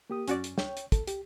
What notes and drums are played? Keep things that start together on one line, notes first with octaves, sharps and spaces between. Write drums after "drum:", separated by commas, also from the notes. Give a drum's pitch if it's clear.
A#3 G4 D#6
F#2 C#4 F#4 D5, drum: hi-hat
drum: hi-hat
C#5 G5, drum: snare
drum: hi-hat
A4, drum: kick, hi-hat
G4, drum: hi-hat